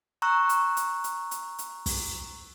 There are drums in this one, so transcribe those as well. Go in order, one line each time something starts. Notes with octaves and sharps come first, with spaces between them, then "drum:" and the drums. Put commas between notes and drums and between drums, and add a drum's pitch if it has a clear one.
A#5 C#6 E6 F#6
drum: hi-hat
drum: hi-hat
drum: hi-hat
drum: hi-hat
drum: hi-hat
drum: kick, open hi-hat